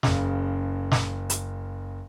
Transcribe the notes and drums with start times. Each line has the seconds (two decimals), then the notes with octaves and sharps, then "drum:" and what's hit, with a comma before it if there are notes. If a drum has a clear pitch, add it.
0.03 F#1 C#3, drum: snare
0.92 drum: snare
1.30 drum: hi-hat